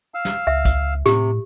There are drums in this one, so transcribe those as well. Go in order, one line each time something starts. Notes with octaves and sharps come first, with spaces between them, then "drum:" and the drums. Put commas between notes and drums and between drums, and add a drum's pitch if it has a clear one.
F5 E6
drum: snare
C#2 E5
drum: kick, hi-hat
A2 C3 G4, drum: snare